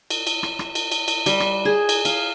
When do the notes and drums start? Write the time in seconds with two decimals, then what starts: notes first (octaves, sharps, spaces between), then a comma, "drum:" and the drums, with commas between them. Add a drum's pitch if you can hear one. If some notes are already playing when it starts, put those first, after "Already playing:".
0.10 drum: cymbal
0.27 drum: cymbal
0.43 drum: rim click
0.59 drum: rim click
0.75 drum: cymbal
0.92 drum: cymbal
1.08 drum: cymbal
1.26 G3, drum: cymbal
1.40 drum: rim click
1.65 G#4
1.89 drum: cymbal
2.05 F5, drum: cymbal